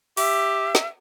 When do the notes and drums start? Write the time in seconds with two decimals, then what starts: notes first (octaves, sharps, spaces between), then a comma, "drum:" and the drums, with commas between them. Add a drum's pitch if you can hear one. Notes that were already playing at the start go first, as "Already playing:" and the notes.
0.17 G4 E5, drum: open hi-hat
0.75 drum: snare